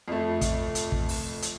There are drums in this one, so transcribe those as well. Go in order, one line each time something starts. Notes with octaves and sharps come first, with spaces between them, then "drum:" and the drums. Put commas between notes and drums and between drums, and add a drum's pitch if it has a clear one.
F2 A3
drum: kick, hi-hat
drum: hi-hat
drum: kick
drum: open hi-hat
drum: hi-hat